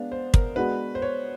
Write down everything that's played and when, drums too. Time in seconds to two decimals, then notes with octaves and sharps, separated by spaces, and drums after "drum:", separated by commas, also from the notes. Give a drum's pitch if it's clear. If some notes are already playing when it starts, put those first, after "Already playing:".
Already playing: G#3 B3 D4 F5
0.12 C5
0.34 A#4, drum: kick
0.56 G#3 B3 D4 F#4 B4
0.95 C5
1.02 C#5